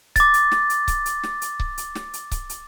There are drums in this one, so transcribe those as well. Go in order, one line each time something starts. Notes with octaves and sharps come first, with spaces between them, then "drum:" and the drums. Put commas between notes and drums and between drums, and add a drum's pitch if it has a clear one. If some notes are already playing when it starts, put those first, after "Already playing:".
D6 A6, drum: kick C#1, hi-hat
drum: hi-hat
drum: snare
drum: hi-hat
drum: kick C#1, hi-hat
drum: hi-hat
drum: snare
drum: hi-hat
drum: kick C#1
drum: hi-hat
drum: snare
drum: hi-hat
drum: kick C#1, hi-hat
drum: hi-hat